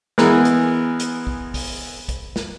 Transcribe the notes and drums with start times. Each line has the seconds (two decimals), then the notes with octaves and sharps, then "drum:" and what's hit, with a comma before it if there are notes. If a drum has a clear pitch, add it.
0.18 E3 G#3 B3 A#4, drum: snare
0.45 drum: hi-hat
1.00 drum: hi-hat
1.27 drum: kick
1.54 drum: kick, open hi-hat
2.09 drum: kick, hi-hat
2.36 drum: snare